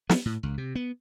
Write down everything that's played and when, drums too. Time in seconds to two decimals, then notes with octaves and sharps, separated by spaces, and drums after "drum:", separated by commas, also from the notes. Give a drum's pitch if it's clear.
0.09 B3, drum: snare
0.26 A2
0.43 C#2
0.58 C3
0.75 B3